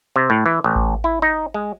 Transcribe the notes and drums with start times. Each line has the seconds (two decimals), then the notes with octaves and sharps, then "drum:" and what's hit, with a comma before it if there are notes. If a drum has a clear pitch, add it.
0.16 C3
0.30 A2
0.46 E3
0.64 A1
0.76 drum: kick G#1
1.04 E4
1.22 D#4
1.54 G#3